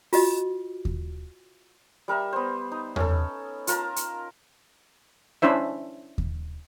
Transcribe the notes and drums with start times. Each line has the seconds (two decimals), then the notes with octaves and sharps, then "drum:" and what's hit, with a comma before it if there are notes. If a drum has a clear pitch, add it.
0.13 F4 F#4 D#5, drum: open hi-hat
0.85 drum: kick D#2
2.08 G3 A#4 E5
2.33 B3 C5
2.72 D#4
2.96 C#4 A4, drum: tom E2
3.67 F4 A#4 A5 A#5, drum: hi-hat
3.96 drum: hi-hat
5.42 C#4 D4 E4 C5 E5
6.18 drum: kick D#2